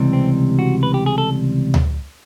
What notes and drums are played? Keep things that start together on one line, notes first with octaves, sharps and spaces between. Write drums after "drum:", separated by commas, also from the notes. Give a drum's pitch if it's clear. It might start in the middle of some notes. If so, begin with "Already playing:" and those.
Already playing: C#2 C3 E3 G3
C4
F#4
B4
G4
G#4
A4
drum: tom D2